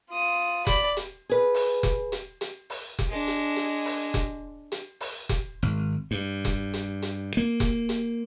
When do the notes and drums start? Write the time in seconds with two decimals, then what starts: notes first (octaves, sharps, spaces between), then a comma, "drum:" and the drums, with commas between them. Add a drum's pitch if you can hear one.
0.10 F4 D#6
0.67 D5 B5, drum: kick F1, hi-hat
0.97 drum: hi-hat
1.29 G#4 B4
1.54 drum: open hi-hat
1.83 drum: kick F1, hi-hat
2.12 drum: hi-hat
2.41 drum: hi-hat
2.70 drum: open hi-hat
2.99 drum: kick F1, hi-hat
3.10 G#3 D4
3.27 drum: hi-hat
3.56 drum: hi-hat
3.85 drum: open hi-hat
4.14 drum: kick F1, hi-hat
4.72 drum: hi-hat
5.00 drum: open hi-hat
5.29 drum: kick F1, hi-hat
5.63 G#1
6.11 G2
6.45 drum: kick F1, hi-hat
6.74 drum: hi-hat
7.02 drum: hi-hat
7.37 A#3
7.60 drum: kick F1, hi-hat
7.89 drum: hi-hat